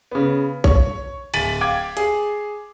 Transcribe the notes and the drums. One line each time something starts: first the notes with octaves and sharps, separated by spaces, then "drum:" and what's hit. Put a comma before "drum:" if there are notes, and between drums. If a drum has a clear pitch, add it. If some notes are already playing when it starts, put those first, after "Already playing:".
C#3 B3
C#5, drum: kick A#1
D1 G#5 A6 B6 D#7 F#7, drum: cymbal
F5 G5 D6 G#6
G#4, drum: hi-hat